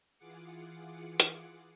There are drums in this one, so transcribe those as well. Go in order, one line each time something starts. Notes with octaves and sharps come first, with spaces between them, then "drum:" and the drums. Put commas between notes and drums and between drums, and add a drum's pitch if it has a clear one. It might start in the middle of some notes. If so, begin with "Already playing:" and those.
E3 F4 G#4 F#5 D6 C#7
drum: hi-hat